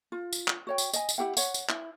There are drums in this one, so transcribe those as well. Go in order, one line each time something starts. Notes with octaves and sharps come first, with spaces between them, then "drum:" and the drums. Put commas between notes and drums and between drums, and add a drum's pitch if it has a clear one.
F4
drum: tambourine
drum: clap
F#4 C#5 G5
drum: tambourine
D#5 G#5, drum: tambourine
drum: tambourine
E4 G4 F#5 G5
C#5 F#5, drum: tambourine
drum: tambourine
E4, drum: clap